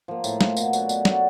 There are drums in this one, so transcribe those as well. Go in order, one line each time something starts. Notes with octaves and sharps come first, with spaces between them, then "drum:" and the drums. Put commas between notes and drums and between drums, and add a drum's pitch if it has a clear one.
F3 A#3
A2, drum: tambourine
F3 A#3, drum: snare
B2, drum: tambourine
F#3 A3 D4, drum: tambourine
B2, drum: tambourine
F#3 A3 D4, drum: snare